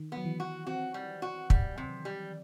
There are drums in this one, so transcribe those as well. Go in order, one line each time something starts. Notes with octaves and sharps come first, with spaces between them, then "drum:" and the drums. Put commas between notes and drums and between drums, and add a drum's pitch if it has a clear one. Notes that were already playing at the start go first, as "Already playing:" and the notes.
Already playing: D#3
B3
F#3
E3
F#4
C4 F#4
G3
F#4
G3, drum: kick
C3
G3